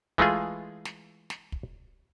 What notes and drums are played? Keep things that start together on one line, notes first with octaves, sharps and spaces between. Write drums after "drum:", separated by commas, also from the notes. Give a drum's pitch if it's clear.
E3 G#3 A3 F4 G#4, drum: kick
drum: snare
drum: snare
drum: kick